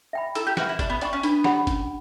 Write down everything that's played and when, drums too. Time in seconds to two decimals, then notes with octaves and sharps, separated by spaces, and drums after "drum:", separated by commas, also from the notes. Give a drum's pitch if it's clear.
0.13 E5 G5 B5
0.35 E4 A4, drum: hi-hat
0.47 G4
0.57 F#4 B4 E5 B5, drum: snare
0.69 E4
0.79 D4 G4, drum: kick G1, hi-hat
0.90 B3
1.01 D4 C#5 G5 C#6, drum: hi-hat
1.13 C#4
1.23 B3 D4, drum: hi-hat
1.44 G4 C#5 F#5 B5, drum: snare
1.67 C#4, drum: kick G1, hi-hat